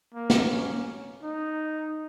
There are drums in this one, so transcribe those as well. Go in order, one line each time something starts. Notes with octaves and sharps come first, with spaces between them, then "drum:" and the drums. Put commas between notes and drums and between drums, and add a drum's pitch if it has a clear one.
A#3
drum: snare
C#4
D#4